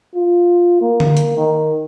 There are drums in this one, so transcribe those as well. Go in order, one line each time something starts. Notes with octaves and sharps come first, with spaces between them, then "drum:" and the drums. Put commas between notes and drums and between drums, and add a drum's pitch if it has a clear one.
F4
A#3
drum: tom D3
drum: hi-hat
D#3